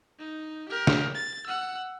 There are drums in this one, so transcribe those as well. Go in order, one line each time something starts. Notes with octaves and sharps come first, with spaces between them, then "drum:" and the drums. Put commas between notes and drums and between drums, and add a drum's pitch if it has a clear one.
D#4
G4 A#4
drum: snare
A6
F#5 E6